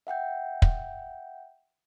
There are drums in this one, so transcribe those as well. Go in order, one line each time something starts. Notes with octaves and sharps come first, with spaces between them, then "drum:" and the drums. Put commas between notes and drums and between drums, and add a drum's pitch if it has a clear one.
E5 F#5 G5 G6
drum: kick